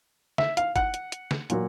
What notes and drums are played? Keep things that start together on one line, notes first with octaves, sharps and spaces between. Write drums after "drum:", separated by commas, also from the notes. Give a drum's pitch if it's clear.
E5, drum: snare
F5, drum: hi-hat
F#5, drum: kick, hi-hat
drum: hi-hat
drum: hi-hat
drum: snare
A#2 F#3 A#3, drum: hi-hat